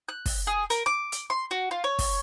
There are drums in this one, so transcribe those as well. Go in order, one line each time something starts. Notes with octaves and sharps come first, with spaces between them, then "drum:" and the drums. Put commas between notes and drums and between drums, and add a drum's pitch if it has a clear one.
F#6
drum: kick, open hi-hat
G#4
A#4, drum: hi-hat
D6
drum: hi-hat
C6
F#4
F4
C#5
drum: kick, open hi-hat